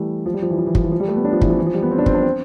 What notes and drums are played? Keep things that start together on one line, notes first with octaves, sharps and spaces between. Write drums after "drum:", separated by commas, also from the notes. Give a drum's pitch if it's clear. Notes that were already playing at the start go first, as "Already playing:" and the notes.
Already playing: E3 G3 A3
F3
G3
F3
E3
F3
E3
F3, drum: kick
E3
F3
G3
A3
B3
D4
F3
E3, drum: kick
F3
E3
F3
G3
B3
C4
D4
C4, drum: kick
D4
C4